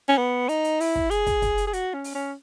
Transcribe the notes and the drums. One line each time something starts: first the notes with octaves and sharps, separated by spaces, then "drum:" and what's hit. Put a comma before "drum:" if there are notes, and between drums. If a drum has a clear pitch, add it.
C#4
B3
D#4, drum: hi-hat
drum: hi-hat
E4, drum: open hi-hat
drum: kick
G#4, drum: hi-hat
drum: kick, hi-hat
drum: kick, hi-hat
drum: hi-hat
G#4
F#4, drum: hi-hat
C#4
drum: open hi-hat
C#4